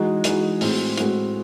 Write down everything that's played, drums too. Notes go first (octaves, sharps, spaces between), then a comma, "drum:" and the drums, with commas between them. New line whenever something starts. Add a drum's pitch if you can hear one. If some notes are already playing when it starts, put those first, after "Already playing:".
Already playing: E3 G#3 D#4 F#4
E3 G#3 D#4 F#4, drum: hi-hat
A2 G#3 C4 F#4, drum: open hi-hat
A2 G#3 C4 F#4, drum: hi-hat